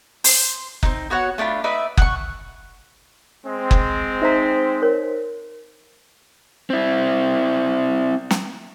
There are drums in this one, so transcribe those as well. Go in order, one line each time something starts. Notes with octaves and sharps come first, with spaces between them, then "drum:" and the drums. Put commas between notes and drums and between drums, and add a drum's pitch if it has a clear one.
C5, drum: open hi-hat
C4 D#4, drum: kick F#1
B3 F#4 C#5 F#5
A3 D4 F4 B5
D#4 B4 D5 E5
F#5 C#6, drum: kick F#1
G#3 C4
drum: kick F#1
D#4 C5 E5 A#5 B6
A#4 C#5
C4 E4
drum: snare